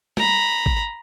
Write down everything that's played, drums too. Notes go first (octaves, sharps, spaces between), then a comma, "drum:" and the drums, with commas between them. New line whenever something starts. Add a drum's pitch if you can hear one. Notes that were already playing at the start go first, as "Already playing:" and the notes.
A#5 B5, drum: tom G3
drum: kick G#1